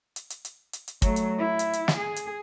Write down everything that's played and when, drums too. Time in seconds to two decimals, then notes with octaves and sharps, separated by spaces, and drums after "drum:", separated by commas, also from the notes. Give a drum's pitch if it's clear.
0.16 drum: hi-hat
0.30 drum: hi-hat
0.45 drum: hi-hat
0.73 drum: hi-hat
0.88 drum: hi-hat
1.02 F#3 A3, drum: kick, hi-hat
1.16 drum: hi-hat
1.38 E4
1.59 drum: hi-hat
1.73 drum: hi-hat
1.88 drum: snare
1.97 G#4
2.16 drum: hi-hat